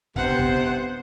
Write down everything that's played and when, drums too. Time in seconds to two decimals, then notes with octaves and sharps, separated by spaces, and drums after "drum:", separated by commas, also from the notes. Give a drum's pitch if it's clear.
0.16 G2 C3 B3 C5 F#5, drum: kick
0.39 drum: kick